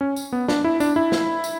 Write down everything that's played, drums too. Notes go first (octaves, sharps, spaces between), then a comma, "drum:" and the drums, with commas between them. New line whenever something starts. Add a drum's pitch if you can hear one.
C#4
drum: tambourine
B3
D4, drum: snare
E4
D4, drum: tambourine
E4
drum: snare
drum: tambourine